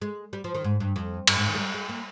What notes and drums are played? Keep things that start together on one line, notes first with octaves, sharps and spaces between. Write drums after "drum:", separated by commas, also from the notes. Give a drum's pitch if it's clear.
G#3
G3
F3
D#3
G#2
G2
F2
G2, drum: cymbal
G#2
D#3
G#3
G3
G#3
A#3